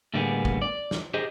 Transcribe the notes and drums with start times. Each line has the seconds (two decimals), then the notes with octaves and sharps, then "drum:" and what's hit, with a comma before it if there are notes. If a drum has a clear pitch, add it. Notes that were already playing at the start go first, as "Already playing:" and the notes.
0.14 A2 D3 G3 A#3 B3 G#4
0.45 drum: kick
0.62 D5
0.91 drum: snare
1.14 G4 G#4 A#4 C5 D#5